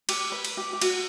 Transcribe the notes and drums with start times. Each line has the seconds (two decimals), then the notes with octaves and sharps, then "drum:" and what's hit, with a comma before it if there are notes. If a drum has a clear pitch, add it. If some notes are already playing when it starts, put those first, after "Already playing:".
0.09 G4, drum: cymbal
0.32 B4
0.45 drum: cymbal
0.57 G4
0.73 G4
0.82 F#4, drum: cymbal